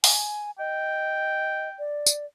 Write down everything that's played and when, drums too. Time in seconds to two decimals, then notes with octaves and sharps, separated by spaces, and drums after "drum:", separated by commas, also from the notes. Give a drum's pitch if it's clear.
0.04 G#5, drum: open hi-hat
0.59 D#5 G5
1.79 D5
2.06 drum: tambourine